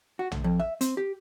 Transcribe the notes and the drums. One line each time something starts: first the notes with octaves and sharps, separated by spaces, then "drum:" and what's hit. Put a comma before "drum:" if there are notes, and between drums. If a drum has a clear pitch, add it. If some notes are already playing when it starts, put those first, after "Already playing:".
F#4
D2, drum: tom A#1
F2
E5
C4, drum: hi-hat
G4